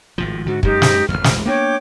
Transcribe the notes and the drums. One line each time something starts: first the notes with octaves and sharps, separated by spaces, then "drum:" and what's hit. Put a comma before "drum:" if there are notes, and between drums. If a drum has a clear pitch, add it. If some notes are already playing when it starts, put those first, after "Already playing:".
G#1 A2 F3
G#2 D3 F#4
F#2 G#3 D#4 G4, drum: kick
drum: snare
E1 A1 D#2 F6
drum: snare
A#3 B3 D4 C#5 G5 D6